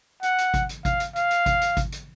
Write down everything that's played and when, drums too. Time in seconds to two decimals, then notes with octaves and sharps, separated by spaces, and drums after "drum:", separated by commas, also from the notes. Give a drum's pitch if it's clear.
0.23 F#5, drum: hi-hat
0.38 drum: hi-hat
0.54 drum: kick G#1, hi-hat
0.69 drum: hi-hat
0.85 F5, drum: kick G#1, hi-hat
1.00 drum: hi-hat
1.16 F5, drum: hi-hat
1.31 drum: hi-hat
1.46 drum: kick G#1, hi-hat
1.61 drum: hi-hat
1.77 drum: kick G#1, hi-hat
1.92 drum: hi-hat